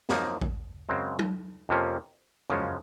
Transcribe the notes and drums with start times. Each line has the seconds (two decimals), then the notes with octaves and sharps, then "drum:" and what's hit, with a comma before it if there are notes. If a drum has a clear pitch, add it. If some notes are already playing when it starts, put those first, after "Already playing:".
0.09 F#2 F3 A#3 D#4, drum: snare
0.42 drum: kick A1
0.89 F#2 C#3 G#3 C4
1.19 drum: tom F#3
1.69 F2 C3 F3 A#3 C#4
2.50 F#2 C#3 F3 G#3 C#4, drum: tom F2